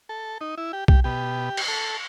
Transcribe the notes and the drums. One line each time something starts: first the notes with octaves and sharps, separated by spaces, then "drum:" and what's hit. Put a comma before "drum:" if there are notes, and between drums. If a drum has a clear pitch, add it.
A4
D#4
E4
G4
G4, drum: kick B1
B2 G4
drum: cymbal
A4